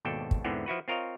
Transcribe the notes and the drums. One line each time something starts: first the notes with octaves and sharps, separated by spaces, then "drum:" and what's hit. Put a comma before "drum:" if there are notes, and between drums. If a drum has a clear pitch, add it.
G#1 D#2 B2 D4 A4 G5
drum: kick
E2 G#2 D3 E3 B3 C4
F3 E4 F#4 B4
C4 F4 A#4 C#5 D#5 F5